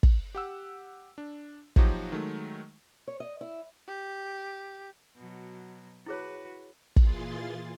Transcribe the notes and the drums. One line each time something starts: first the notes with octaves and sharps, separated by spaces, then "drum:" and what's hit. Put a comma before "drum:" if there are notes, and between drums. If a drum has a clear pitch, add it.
drum: kick
G4 F#5 E6
D4
A#2 F3 F#3 D#4 F#4 G4, drum: kick
D#3 F#3 G#3 A3
C#5
D#5
E4
G4
B2 F#3
E4 F#4 G#4 B4 C#5
A#2 E3 F4 G#4 C6 A6, drum: kick